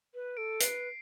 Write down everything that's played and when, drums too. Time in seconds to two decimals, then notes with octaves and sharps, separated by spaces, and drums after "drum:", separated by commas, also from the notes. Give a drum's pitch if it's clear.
0.14 B4
0.37 A4 D7
0.60 B4 C7, drum: hi-hat